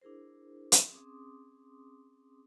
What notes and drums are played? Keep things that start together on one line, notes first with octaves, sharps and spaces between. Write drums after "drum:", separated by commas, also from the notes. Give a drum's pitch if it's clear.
D4 E4 G#4 A#4 C5
drum: hi-hat
C4 C#4 G#4 C6 D6 D#6